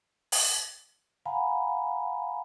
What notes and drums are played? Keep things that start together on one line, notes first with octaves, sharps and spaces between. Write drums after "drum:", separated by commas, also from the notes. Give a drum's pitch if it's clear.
drum: open hi-hat
F5 F#5 G#5 A#5 B5